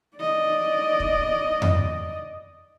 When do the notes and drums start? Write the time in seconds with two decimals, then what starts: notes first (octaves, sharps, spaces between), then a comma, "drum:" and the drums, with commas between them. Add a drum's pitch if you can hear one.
0.17 D5 D#5
1.00 drum: kick
1.62 drum: tom F2